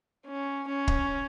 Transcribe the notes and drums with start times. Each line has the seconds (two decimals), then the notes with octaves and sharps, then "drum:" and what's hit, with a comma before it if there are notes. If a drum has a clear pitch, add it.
0.27 C#4
0.68 C#4
0.88 drum: kick